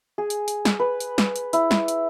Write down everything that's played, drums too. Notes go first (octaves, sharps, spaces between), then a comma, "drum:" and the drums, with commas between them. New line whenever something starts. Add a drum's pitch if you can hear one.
G#4
drum: hi-hat
drum: hi-hat
drum: snare
B4
drum: hi-hat
drum: snare
drum: hi-hat
E4, drum: hi-hat
drum: snare
drum: hi-hat